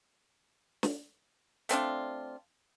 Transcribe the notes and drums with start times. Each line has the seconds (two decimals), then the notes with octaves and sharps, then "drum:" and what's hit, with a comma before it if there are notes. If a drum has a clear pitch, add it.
0.83 drum: snare
1.69 A3 C4 D4 F4, drum: hi-hat